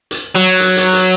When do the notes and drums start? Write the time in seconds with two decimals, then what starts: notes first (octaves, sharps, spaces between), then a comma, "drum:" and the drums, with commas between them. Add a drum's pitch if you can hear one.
0.11 drum: hi-hat
0.36 F#3
0.60 drum: hi-hat
0.77 drum: hi-hat
0.93 drum: hi-hat